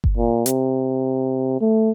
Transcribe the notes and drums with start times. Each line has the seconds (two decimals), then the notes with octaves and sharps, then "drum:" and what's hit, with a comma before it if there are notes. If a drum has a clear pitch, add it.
0.04 drum: kick G1
0.17 A#2
0.46 C3, drum: hi-hat
1.61 A3